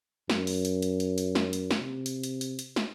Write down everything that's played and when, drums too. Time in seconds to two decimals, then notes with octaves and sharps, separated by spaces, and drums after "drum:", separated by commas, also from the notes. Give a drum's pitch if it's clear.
0.30 F#2, drum: snare
0.47 drum: open hi-hat
0.65 drum: hi-hat
0.82 drum: hi-hat
1.00 drum: hi-hat
1.18 drum: hi-hat
1.35 drum: snare
1.53 drum: hi-hat
1.71 drum: snare
1.81 C3
2.06 drum: hi-hat
2.23 drum: hi-hat
2.41 drum: hi-hat
2.59 drum: hi-hat
2.76 drum: snare